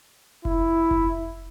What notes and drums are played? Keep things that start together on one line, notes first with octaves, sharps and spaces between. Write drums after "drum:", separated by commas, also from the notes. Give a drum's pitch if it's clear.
E4, drum: kick F1
drum: kick F1